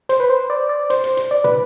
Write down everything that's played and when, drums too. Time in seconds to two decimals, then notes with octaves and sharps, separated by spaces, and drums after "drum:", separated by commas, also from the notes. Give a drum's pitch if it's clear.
0.09 C5, drum: hi-hat
0.20 B4
0.30 C5
0.50 D5
0.69 D5
0.90 C5, drum: hi-hat
1.04 drum: hi-hat
1.17 drum: hi-hat
1.31 D5
1.44 B4, drum: tom